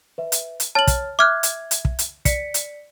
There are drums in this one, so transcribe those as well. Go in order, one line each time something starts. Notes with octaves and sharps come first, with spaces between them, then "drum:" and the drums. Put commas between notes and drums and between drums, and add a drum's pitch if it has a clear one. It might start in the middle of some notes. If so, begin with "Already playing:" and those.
B4 E5
drum: hi-hat
drum: hi-hat
C#5 A5 F6 A6 F#7
drum: kick, hi-hat
E5 D6 F6 F#6 G#6
drum: hi-hat
drum: hi-hat
drum: kick
drum: hi-hat
D5 B6 C#7, drum: kick, hi-hat
drum: hi-hat